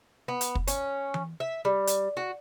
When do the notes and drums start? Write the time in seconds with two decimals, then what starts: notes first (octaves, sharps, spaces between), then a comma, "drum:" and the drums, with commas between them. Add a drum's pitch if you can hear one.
0.28 B3
0.41 drum: hi-hat
0.55 drum: kick
0.67 C#4, drum: hi-hat
1.14 drum: tom E3
1.40 E5
1.65 G3
1.87 drum: hi-hat
2.17 F#4